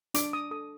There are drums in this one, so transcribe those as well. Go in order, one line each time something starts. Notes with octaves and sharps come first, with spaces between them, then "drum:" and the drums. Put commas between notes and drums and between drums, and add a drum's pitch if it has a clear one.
D4 D6, drum: hi-hat
D#6
A4 D#6